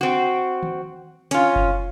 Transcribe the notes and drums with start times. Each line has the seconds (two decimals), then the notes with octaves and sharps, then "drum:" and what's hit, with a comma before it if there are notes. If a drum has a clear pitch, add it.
0.01 C4 F#4
0.63 drum: tom D#3
1.31 C#4 F4, drum: hi-hat
1.56 drum: kick F#1